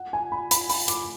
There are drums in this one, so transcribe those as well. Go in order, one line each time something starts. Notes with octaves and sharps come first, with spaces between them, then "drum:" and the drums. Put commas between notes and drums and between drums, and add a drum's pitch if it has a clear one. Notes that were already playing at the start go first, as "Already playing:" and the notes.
Already playing: F#5
G#5
B5
B5, drum: hi-hat
B5, drum: open hi-hat
D6, drum: hi-hat